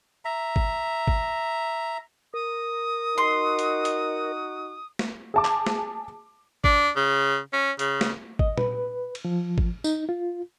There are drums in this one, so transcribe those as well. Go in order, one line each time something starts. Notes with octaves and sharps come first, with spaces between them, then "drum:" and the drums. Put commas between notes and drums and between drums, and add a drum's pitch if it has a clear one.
E5 A#5
drum: kick
drum: kick
A#4 D#6
D#4 F#4 C6
drum: hi-hat
drum: hi-hat
drum: snare
G#4 A5 D6
drum: clap
drum: snare
D4, drum: kick
C#3
C#4
C#3, drum: hi-hat
drum: snare
D#5, drum: kick
B4, drum: tom A#2
drum: cymbal
F3
drum: kick
D#4, drum: tambourine
F4